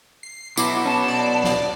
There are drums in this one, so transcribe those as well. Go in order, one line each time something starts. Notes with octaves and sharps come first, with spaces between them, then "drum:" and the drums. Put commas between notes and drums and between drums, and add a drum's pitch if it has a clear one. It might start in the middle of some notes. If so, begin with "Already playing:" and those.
C7
B2 F#3 B3 E4 D6, drum: tambourine
C#4 A5
D5
drum: snare